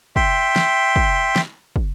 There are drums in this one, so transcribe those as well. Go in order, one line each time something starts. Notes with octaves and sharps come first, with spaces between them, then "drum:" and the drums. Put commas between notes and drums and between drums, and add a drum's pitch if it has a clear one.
E5 G5 C6, drum: kick
drum: snare
drum: kick
drum: snare
drum: kick